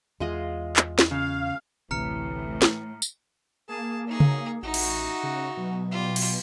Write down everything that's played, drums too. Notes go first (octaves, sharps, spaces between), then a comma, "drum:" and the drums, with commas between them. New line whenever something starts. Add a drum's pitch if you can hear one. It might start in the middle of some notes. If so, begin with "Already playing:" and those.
E2 G#3 F4 D#5
drum: clap
drum: snare
C#3 F5
A1 D2 A2 C3 E3 A#5 F6 C#7
drum: snare
drum: tambourine
A#3 G#4 A5
C2 E3 F#3 D#4 G#4
drum: tom C#3
A1 D#4 F#4 E5
drum: cymbal
C#3
B2 F#3
G3 F4 G4
drum: cymbal